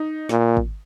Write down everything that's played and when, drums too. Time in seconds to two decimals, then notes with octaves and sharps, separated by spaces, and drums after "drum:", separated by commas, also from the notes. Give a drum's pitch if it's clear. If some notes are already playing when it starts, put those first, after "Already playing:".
Already playing: D#4
0.29 A#2, drum: snare
0.57 drum: kick